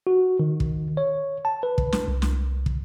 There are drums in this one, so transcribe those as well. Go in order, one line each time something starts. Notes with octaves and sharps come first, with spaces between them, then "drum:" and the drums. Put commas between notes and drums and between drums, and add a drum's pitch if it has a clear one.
F#4
D#3
drum: kick
C#5
A5
B4
drum: kick
drum: snare
C2
drum: snare
drum: kick